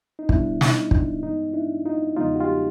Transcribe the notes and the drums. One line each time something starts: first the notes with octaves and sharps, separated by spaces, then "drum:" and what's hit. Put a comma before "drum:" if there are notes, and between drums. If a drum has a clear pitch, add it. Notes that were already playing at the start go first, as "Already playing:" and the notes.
D#4
B2 G3 B3 D4 E4, drum: kick
D#4, drum: snare
D4, drum: kick
G2 E3 G#3 B3 D#4
D4 E4
D#4 F4
E2 C#3 F3 G#3 B3 D#4 F4
F#4
F4 G4